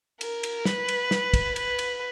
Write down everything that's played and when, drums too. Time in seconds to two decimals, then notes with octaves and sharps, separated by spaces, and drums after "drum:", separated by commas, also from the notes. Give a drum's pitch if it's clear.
0.21 A#4, drum: cymbal
0.43 drum: cymbal
0.65 B4, drum: snare
0.88 drum: cymbal
1.11 drum: snare
1.34 drum: kick, cymbal
1.56 B4, drum: cymbal
1.79 drum: cymbal